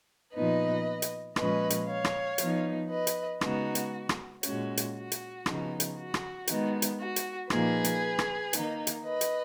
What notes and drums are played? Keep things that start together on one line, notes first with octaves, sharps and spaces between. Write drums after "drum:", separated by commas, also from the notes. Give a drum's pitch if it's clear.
A#2 F3 B3 D#4 B4 D#5
drum: hi-hat
A#2 F3 G#3 C#4 B4 D#5, drum: rim click
drum: hi-hat
C#5 F5
drum: rim click
F3 B3 D#4, drum: hi-hat
B4 D#5
drum: hi-hat
C#3 G#3 B3 D#4 F#4, drum: rim click
drum: hi-hat
drum: rim click
A#2 G#3 C#4 F#4, drum: hi-hat
drum: hi-hat
F#4
drum: hi-hat
C#3 F3 B3 D#4, drum: rim click
drum: hi-hat
F#4
drum: rim click
D#3 G#3 B3 D#4, drum: hi-hat
drum: hi-hat
F#4
drum: hi-hat
A#2 F3 A#3 D#4 G#4 B4, drum: rim click
drum: hi-hat
drum: rim click
D#3 A#3 D#4, drum: hi-hat
drum: hi-hat
B4 D#5
drum: hi-hat